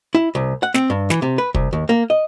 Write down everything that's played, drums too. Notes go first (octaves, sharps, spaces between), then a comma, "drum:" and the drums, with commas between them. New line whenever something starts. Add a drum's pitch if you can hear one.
E4
C2
F#5
C4, drum: snare
G2
E3, drum: snare
C3
B4
C2, drum: kick
D#2
A#3
D#5